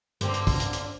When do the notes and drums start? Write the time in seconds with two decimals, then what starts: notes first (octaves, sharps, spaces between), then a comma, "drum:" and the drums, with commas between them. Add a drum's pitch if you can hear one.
0.21 G2 D3 A#3 C4, drum: hi-hat
0.34 drum: hi-hat
0.47 drum: kick, open hi-hat
0.60 drum: hi-hat
0.73 drum: hi-hat